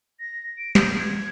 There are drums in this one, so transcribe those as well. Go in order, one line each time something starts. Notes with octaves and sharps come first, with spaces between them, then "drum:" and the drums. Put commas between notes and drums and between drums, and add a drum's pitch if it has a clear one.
A#6
D7
G6, drum: snare
G#6